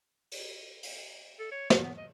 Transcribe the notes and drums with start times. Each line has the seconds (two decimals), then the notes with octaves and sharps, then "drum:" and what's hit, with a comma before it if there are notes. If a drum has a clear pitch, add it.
0.32 drum: open hi-hat
0.83 drum: open hi-hat
1.39 A4
1.51 C#5
1.70 F4, drum: snare
1.82 B3
1.97 D#5